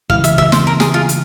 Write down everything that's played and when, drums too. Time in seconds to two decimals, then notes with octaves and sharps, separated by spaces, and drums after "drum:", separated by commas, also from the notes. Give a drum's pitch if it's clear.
0.10 C#3 E3 G#3 E4 F5, drum: kick
0.24 E5, drum: hi-hat
0.38 E5, drum: kick
0.52 C5, drum: snare
0.67 A#4
0.80 G#4, drum: snare
0.94 F4
1.09 drum: hi-hat